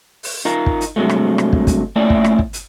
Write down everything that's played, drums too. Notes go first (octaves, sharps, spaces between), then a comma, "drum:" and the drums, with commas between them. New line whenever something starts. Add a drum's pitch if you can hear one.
drum: open hi-hat
D#4 F4 A#4
drum: kick
drum: hi-hat
G2 C3 D#3 F#3 G#3 A3
drum: rim click
drum: rim click
drum: kick
drum: kick, hi-hat
A3 A#3 C#4 E4 D5 G5
drum: kick
drum: rim click
drum: kick
drum: hi-hat